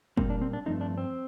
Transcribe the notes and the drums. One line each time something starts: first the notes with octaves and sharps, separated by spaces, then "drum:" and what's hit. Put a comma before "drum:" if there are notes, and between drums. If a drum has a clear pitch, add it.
A#2 G3 A#3 C4, drum: kick
D4
C4
D4
G2 F3 A3 C4 D#4
D4
C4